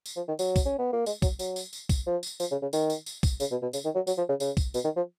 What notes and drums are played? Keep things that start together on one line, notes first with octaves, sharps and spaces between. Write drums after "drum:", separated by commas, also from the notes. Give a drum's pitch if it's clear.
drum: tambourine
F3
D#3
F#3, drum: tambourine
drum: kick B1, tambourine
C#4
B3
A#3
G#3, drum: tambourine
F#3, drum: kick B1, tambourine
F#3, drum: tambourine
drum: tambourine
drum: tambourine
drum: kick B1, tambourine
F3
drum: tambourine
F3, drum: tambourine
C#3
C#3
D#3, drum: tambourine
drum: tambourine
drum: tambourine
drum: kick B1, tambourine
C#3, drum: tambourine
B2
B2
C#3, drum: tambourine
D#3
F#3
F#3, drum: tambourine
F3
C#3
C#3, drum: tambourine
drum: kick B1, tambourine
B2, drum: tambourine
D#3
F3